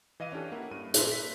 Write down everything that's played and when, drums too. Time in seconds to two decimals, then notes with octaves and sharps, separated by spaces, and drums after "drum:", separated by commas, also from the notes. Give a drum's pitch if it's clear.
0.20 E3 D#5 F5 D#7
0.32 C#4 D4 G4 A4
0.52 A#3 E4 F#5
0.71 G2 D#7
0.94 A#2 A4 B4 E5 C6, drum: hi-hat
1.12 B6